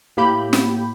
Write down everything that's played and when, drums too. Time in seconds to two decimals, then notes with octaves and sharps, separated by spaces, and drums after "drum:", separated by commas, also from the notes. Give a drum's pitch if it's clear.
0.17 A2 A#3 G4 B5 G6
0.53 drum: snare